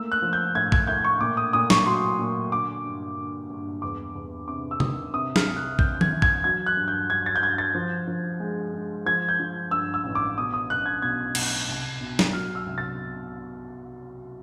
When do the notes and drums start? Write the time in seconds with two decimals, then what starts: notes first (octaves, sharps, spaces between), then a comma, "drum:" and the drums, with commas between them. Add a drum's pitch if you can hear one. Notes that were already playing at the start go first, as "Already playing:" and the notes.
Already playing: A3 A#3 E6
0.12 F#6
0.22 F3
0.33 G6
0.55 A2 G#6
0.72 G#6, drum: kick
0.87 A2 G6
1.04 C#6
1.20 A#2 D6
1.37 D#6
1.53 A#2 D#6
1.70 C#6, drum: snare
1.86 F#3 C6
2.19 A#2
2.52 D3 D6
2.84 G2
3.17 D3
3.50 G2
3.82 E2 D6
4.15 E2
4.48 C3 D6
4.71 E6
4.80 D#3 D#6, drum: tom C3
5.13 C3 D#6
5.36 F6, drum: snare
5.46 C2
5.57 F#6
5.79 C3 G6, drum: kick
6.01 G#6, drum: tom D#3
6.12 E3
6.22 G#6, drum: kick
6.44 F#3 G#6
6.66 F#6
6.77 G2
6.88 G6
7.10 G2 G#6
7.26 A6
7.36 G6
7.43 G2 G#6
7.58 A6
7.75 F3
8.07 F3
8.40 G#3
8.74 G#3
9.06 F3 G#6
9.29 G6
9.40 F3
9.71 G2 E6
9.94 E6
10.04 A1
10.15 D6
10.38 B2 D#6
10.54 D#6
10.70 B1 F#6
10.86 G#6
11.02 B2 G#6
11.35 B1, drum: cymbal
11.68 C2
12.01 B2
12.19 drum: snare
12.33 F#3 F6
12.55 E6
12.66 C2
12.78 A6